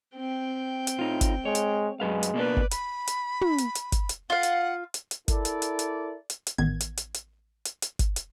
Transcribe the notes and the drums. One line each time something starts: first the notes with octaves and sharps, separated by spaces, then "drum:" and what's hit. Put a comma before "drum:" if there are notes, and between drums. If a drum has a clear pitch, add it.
C4 G5
drum: hi-hat
A2 D#4 F4
drum: kick G1, hi-hat
G#3 C#5
drum: hi-hat
F#2 G#3 B4 F5
drum: hi-hat
B2 A#3 D4 B4 D5
drum: kick G1
B5, drum: hi-hat
drum: hi-hat
drum: tom
drum: hi-hat
drum: hi-hat
drum: kick G1, hi-hat
drum: hi-hat
F4 F5 F#5
drum: hi-hat
drum: hi-hat
drum: hi-hat
E4 A4 A#4 D5, drum: kick G1, hi-hat
drum: hi-hat
drum: hi-hat
drum: hi-hat
drum: hi-hat
drum: hi-hat
A1 D#3 B3 G#6
drum: hi-hat
drum: hi-hat
drum: hi-hat
drum: hi-hat
drum: hi-hat
drum: kick G1, hi-hat
drum: hi-hat